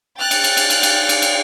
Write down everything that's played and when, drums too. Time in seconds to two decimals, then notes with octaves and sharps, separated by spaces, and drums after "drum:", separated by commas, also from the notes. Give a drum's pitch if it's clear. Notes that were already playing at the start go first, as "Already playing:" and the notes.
0.18 G5 F6 F#6 A6
0.31 drum: cymbal
0.44 drum: cymbal
0.57 drum: cymbal
0.70 drum: cymbal
0.83 drum: cymbal
1.09 drum: cymbal
1.22 drum: cymbal